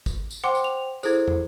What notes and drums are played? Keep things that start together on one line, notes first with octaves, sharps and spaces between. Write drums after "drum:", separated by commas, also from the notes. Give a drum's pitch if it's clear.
drum: kick, tambourine
drum: tambourine
C5 F#5 G5 C6 D6
drum: tambourine
F7
E4 G#4 A4 C5 G#6, drum: tambourine
drum: tom